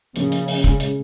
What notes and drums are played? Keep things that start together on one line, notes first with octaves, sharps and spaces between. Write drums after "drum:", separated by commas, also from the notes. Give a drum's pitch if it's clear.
C#3 F3 A#3 C#4, drum: hi-hat
drum: hi-hat
drum: open hi-hat
A#2 G#3 C#4 G#4, drum: kick, hi-hat
drum: hi-hat